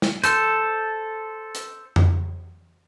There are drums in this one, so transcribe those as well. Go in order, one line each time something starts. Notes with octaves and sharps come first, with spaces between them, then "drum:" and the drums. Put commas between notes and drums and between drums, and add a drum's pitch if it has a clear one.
drum: snare
A4 C5, drum: hi-hat
drum: hi-hat
drum: tom F2